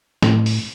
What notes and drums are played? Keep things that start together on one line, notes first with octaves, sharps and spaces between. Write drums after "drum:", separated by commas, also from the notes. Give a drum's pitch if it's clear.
A2, drum: snare
drum: open hi-hat